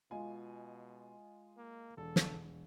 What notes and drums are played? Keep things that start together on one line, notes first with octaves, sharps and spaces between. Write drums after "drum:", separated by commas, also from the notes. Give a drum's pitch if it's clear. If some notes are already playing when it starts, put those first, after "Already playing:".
B2 G#3 F4 G#5
A#3
E1 A4
drum: snare